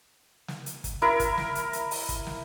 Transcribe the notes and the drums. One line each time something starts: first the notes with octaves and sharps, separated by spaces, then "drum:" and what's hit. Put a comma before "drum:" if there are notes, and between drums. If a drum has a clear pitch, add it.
drum: snare
drum: hi-hat
drum: kick, hi-hat
E4 A#4
drum: kick, hi-hat
drum: snare
drum: hi-hat
drum: hi-hat
drum: open hi-hat
drum: kick, hi-hat
drum: snare